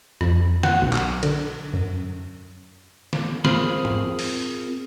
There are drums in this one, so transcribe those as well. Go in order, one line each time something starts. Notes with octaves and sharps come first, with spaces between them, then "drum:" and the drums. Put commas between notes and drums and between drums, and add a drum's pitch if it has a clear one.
F2, drum: rim click
F#5, drum: snare D#3
B1
drum: clap
D3, drum: cymbal
F#2
drum: snare D#3
C4 F4 G#4 A#4 B5, drum: snare D#3
drum: tom
drum: open hi-hat